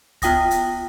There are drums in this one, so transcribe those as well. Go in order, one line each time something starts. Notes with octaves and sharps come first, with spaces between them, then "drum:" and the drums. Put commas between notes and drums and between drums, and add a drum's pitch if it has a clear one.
B3 F4 G5 D#6 A#6, drum: kick C#2, hi-hat
drum: hi-hat